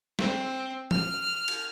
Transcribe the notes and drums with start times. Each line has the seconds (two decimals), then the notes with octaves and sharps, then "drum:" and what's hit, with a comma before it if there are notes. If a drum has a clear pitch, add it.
0.19 C4, drum: snare
0.91 F6, drum: tom E3
1.48 drum: cymbal